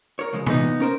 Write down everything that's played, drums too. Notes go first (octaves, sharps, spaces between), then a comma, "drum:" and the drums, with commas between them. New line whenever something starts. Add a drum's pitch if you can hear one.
A#4 C#5
C#3 F3 G#3
A#2 C#3 E3 B3 D#4, drum: tom
C#4 A#4 C5